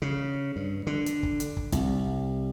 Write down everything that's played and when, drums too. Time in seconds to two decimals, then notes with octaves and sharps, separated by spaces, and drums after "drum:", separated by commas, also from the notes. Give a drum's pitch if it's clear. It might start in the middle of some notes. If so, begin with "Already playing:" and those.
0.02 C#3
0.56 G2
0.87 D3
1.06 drum: hi-hat
1.23 drum: kick
1.40 drum: hi-hat
1.57 drum: kick
1.72 C2, drum: kick, hi-hat